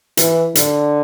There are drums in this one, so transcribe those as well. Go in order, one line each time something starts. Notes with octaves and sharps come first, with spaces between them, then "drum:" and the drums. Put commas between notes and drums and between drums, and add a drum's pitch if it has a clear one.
E3, drum: hi-hat
D3, drum: hi-hat